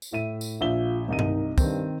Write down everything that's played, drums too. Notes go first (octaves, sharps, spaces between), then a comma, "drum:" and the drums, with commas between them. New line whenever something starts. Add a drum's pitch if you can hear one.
drum: tambourine
A2 E4 E5 D#7
drum: tambourine
A#1 F4 E5 G7
C2 D#3 D#4 D#7
drum: tom G2
G2 D#3 C4, drum: kick, tambourine